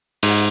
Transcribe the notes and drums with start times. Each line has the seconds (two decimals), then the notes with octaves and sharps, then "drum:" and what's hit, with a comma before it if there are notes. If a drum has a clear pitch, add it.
0.23 G#2, drum: open hi-hat